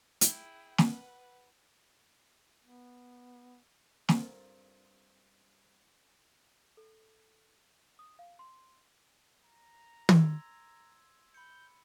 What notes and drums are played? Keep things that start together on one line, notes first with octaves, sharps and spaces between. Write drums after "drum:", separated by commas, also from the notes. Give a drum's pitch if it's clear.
E4 G#4 G5, drum: hi-hat
B4 F#5, drum: snare
B3
G2 C4 F4 A4 A#4 A5, drum: snare
A4
D#6
F5
C6
A#5
C6 E6 G#6, drum: tom
B5 G6 C#7